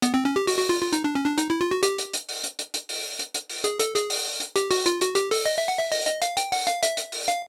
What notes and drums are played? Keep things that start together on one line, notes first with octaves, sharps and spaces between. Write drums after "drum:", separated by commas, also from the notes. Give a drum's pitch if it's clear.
B3, drum: hi-hat
C4
C#4
G4
F#4, drum: open hi-hat
F#4
F4
F4
D#4, drum: hi-hat
D4
C#4
D4
D#4, drum: hi-hat
E4
F4
F#4
G4, drum: hi-hat
drum: hi-hat
drum: hi-hat
drum: open hi-hat
drum: hi-hat
drum: hi-hat
drum: hi-hat
drum: open hi-hat
drum: hi-hat
drum: hi-hat
drum: open hi-hat
G#4, drum: hi-hat
A4, drum: hi-hat
G#4, drum: hi-hat
drum: open hi-hat
drum: hi-hat
G4, drum: hi-hat
F#4, drum: open hi-hat
F4, drum: hi-hat
F#4, drum: hi-hat
G4, drum: hi-hat
A4, drum: open hi-hat
D#5
E5
F#5
E5
D#5, drum: open hi-hat
D#5, drum: hi-hat
F5, drum: hi-hat
G5, drum: hi-hat
F#5, drum: open hi-hat
F5, drum: hi-hat
E5, drum: hi-hat
drum: hi-hat
drum: open hi-hat
F5, drum: hi-hat